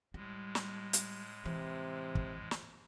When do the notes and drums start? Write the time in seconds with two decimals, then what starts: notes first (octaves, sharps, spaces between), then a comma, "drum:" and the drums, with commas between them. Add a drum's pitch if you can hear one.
0.14 A2 G3 G#3
0.55 drum: snare
0.93 drum: hi-hat
1.45 C3 E3
2.15 drum: kick
2.51 drum: snare